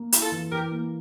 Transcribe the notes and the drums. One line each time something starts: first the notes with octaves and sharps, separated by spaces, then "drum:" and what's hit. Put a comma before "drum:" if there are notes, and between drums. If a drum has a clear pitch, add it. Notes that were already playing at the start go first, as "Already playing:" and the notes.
Already playing: A#3
E4, drum: hi-hat
F4 A4
E3
E3 G4 A#4
A#3